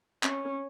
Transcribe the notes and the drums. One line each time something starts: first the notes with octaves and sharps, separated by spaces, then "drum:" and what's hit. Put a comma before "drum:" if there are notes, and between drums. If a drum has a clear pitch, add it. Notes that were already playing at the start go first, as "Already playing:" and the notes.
C#4, drum: clap